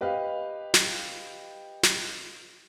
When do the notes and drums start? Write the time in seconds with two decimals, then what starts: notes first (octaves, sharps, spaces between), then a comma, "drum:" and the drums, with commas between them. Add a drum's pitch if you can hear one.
0.01 G4 B4 D#5 F5
0.74 drum: snare
1.83 drum: snare